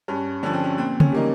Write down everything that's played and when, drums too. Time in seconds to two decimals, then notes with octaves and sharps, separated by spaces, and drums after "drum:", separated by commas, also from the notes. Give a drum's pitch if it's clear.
0.08 G2 C#4
0.43 D3 F3 C#4
0.53 C4
0.64 C#4
0.78 A#2 C4
1.00 C#4, drum: tom C#3
1.12 G3 A#3 D#4